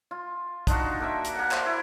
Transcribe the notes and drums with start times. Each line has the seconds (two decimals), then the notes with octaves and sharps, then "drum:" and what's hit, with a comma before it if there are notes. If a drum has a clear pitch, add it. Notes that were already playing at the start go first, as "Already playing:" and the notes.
0.11 F4
0.67 D4 D#4 F4 F#4, drum: kick, hi-hat
1.00 A#3 A#4 E5
1.25 drum: hi-hat
1.34 A#3 F#5
1.51 C5 E5, drum: clap
1.66 E4